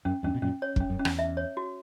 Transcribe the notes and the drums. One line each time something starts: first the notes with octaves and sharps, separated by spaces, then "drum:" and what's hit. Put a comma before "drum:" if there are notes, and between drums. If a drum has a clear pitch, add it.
F#2 C#4
E2 G2 C#4
B2
F#2 A#2 C#4
C#5
F#2, drum: kick
C#4
F#2
C#4
E2, drum: rim click
E5
C#5
F#4